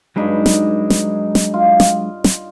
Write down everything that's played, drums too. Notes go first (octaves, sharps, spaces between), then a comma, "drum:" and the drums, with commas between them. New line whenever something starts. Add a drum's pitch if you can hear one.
G2 F#3 G#3 D4 D#4 B5
drum: snare
drum: snare
drum: snare
F4
drum: snare
drum: snare